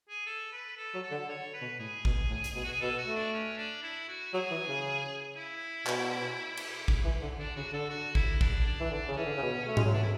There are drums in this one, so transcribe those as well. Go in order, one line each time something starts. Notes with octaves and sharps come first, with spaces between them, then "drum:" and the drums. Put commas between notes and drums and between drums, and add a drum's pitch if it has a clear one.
G#4
A4
B4
A4
F#3
A4
D3
D3 C#5
B4
B2
A2 G#4
B2, drum: kick G#1
A2
drum: hi-hat
B2
F#4
G#4
B2 A4
F#4
A3
D4
C#4
D4
E4
F#4
F#3 G#4
E3
C#3
E4
B2, drum: clap
drum: cymbal
D3, drum: kick G#1
E3
D3
D3 D4
C#3 F#4
D3 A4
F#4
E4, drum: kick G#1
D4, drum: kick G#1
D4
E3
D3 D4
C#3
D4
E3 C#4
D3
C#3
B2
A3
G#3, drum: tom G#2
F#3
E3 D4
E4